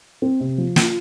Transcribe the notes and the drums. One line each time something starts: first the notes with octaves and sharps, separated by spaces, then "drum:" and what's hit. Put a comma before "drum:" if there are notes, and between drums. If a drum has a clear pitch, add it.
C4
C3
F3
F4, drum: snare